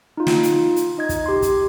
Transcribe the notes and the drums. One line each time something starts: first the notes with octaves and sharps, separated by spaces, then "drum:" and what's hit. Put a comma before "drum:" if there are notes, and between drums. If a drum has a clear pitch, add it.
D#4 F4
drum: snare
drum: hi-hat
drum: hi-hat
D#4 D#5 G#6
drum: kick, hi-hat
G4 C6
drum: kick, hi-hat